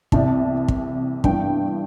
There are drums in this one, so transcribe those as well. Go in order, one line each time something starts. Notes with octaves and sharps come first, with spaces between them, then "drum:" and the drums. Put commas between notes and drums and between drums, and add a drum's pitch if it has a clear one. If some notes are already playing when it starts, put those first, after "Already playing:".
C2 C3 E3 A5, drum: kick
drum: kick
G2 E3 G5, drum: kick